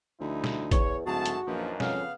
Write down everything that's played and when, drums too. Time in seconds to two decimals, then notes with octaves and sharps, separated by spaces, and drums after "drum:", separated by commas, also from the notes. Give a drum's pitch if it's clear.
0.20 D2 F3 D#4 E4
0.44 drum: snare
0.71 E2 C#5, drum: kick, hi-hat
1.06 D1 G#2 A3 F#4 G#4 A5
1.26 drum: hi-hat
1.47 A#1 F#2 E3 F3 A#3 D#4
1.80 F2 C#3 B3 C#4 F5, drum: snare